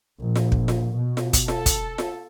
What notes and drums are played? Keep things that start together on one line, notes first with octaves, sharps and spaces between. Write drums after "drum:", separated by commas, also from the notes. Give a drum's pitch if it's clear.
A#1
drum: snare F4
drum: kick
drum: snare F4
B2
drum: snare F4
drum: kick, hi-hat
A4, drum: snare F4
drum: kick, hi-hat
drum: snare F4